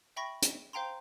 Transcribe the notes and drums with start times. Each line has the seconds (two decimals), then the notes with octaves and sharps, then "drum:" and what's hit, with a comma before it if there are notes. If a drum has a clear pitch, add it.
0.16 E5 G5 B5 C#6 A#6
0.42 drum: hi-hat
0.73 C5 F5 G5 A#5 C6